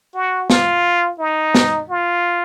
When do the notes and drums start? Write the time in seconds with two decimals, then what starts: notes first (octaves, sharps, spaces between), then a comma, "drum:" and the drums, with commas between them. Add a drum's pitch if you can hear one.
0.14 F#4
0.50 F4, drum: snare
1.19 D#4
1.55 drum: snare
1.89 F4